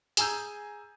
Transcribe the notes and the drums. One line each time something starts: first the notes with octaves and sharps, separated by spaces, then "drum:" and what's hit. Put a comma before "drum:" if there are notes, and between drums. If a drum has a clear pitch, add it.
G#4 G#5 A#5 E6 G6, drum: hi-hat